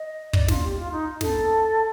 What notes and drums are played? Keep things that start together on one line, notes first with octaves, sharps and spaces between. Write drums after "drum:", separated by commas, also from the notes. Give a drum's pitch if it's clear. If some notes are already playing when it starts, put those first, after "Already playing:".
Already playing: D#5
D5, drum: kick
F4, drum: snare
G4
F4
D#4
A4, drum: snare